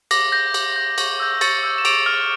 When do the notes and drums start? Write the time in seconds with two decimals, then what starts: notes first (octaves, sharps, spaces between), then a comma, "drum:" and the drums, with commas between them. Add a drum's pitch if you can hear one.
0.11 D6 A#6, drum: cymbal
0.32 G6 A#6
0.54 D6, drum: cymbal
0.76 G6
0.98 C#6, drum: cymbal
1.20 E6 G6
1.41 C#6 A6 C#7, drum: cymbal
1.63 E6 G6
1.78 E7
1.85 D6 D7 F7, drum: cymbal
2.06 F6